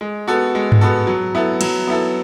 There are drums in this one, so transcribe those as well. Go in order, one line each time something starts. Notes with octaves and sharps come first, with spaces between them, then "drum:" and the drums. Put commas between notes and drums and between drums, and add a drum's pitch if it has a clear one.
G#3
B3 F#4 A4
G#3
drum: tom G2
B3 F#4 A4
F#3
B3 E4 A4
F#3, drum: cymbal
B3 E4 A4